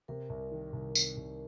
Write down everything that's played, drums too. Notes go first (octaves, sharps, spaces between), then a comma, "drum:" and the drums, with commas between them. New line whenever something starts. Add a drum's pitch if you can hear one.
C3 A#4
C2
D#3
C2
C3, drum: tambourine
C2